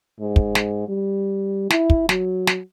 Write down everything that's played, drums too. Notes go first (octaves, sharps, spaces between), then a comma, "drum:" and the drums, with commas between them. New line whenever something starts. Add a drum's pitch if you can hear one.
G#2
drum: kick
drum: snare
G3
E4, drum: snare
drum: kick
F#3, drum: snare
drum: snare